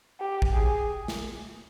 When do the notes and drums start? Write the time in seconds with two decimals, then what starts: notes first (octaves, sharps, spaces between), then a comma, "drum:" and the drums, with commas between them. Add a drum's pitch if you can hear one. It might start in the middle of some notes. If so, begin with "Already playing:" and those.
0.20 G4
0.42 drum: kick
0.53 G#4
1.08 drum: snare